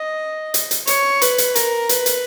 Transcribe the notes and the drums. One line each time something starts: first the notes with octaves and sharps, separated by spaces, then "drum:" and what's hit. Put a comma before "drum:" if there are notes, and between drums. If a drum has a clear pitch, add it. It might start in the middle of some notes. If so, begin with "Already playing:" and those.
Already playing: D#5
drum: hi-hat
drum: hi-hat
C#5, drum: hi-hat
B4, drum: hi-hat
drum: hi-hat
A#4, drum: hi-hat
B4, drum: hi-hat
drum: hi-hat